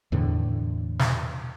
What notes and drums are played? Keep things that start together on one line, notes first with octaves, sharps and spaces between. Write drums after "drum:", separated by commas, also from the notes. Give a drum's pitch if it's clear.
E2 A2 D3
drum: snare